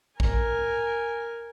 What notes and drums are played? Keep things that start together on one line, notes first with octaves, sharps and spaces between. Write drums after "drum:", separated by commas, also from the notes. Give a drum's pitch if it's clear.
A#4 G#5, drum: kick A1